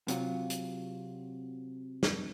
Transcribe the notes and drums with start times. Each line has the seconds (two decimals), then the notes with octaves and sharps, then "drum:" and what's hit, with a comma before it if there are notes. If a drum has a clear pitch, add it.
0.08 C3 F#3 F4, drum: hi-hat
0.50 drum: hi-hat
2.03 drum: snare